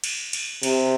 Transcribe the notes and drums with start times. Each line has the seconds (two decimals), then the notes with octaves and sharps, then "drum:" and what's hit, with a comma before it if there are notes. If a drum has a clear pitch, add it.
0.04 drum: cymbal
0.33 drum: cymbal
0.63 C3, drum: cymbal